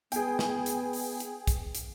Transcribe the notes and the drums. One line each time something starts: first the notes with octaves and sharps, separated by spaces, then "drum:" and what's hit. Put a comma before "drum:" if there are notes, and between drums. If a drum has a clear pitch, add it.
B3 G#4 G5, drum: hi-hat
drum: snare
drum: hi-hat
drum: open hi-hat
drum: hi-hat
drum: kick, hi-hat
drum: hi-hat